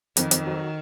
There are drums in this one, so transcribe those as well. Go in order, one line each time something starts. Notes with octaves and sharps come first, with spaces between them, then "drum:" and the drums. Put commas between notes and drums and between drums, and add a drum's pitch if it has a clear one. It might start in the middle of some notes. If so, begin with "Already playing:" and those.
F2 D#3, drum: hi-hat
F2, drum: hi-hat
F#3